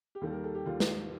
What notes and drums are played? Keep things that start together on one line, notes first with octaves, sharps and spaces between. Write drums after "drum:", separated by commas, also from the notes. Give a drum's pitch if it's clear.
G4
D#2 D#3 G3 A4
A#4
A4
G4
D#2 D#3 G3 F4
drum: snare